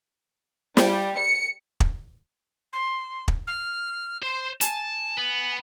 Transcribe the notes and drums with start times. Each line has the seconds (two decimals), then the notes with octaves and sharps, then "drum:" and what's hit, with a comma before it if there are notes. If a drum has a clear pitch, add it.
0.77 G3, drum: snare
1.18 C#7
1.80 drum: kick
2.72 C6
3.28 drum: kick
3.47 F6
4.23 C5 C6
4.61 G#5 A5, drum: hi-hat
5.17 B3